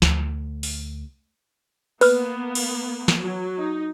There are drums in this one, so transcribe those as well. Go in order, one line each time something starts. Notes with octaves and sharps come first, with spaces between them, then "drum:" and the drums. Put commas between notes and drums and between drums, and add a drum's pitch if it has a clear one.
D2, drum: snare
drum: open hi-hat
A#3 B3 B4 F6, drum: open hi-hat
drum: cymbal
drum: snare
F#3
D#4